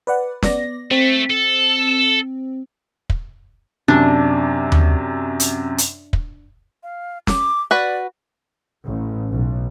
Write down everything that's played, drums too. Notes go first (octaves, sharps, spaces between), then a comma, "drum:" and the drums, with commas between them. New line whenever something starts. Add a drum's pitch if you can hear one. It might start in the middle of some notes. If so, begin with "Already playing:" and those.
B4 D5 F#5
B3 D5 A#6, drum: snare
A3 C4
A4
drum: kick
F#2 C3 D4
drum: tom D#2
drum: hi-hat
drum: hi-hat
drum: kick
F5
D6, drum: snare
F#4 B4 D5
A1
B1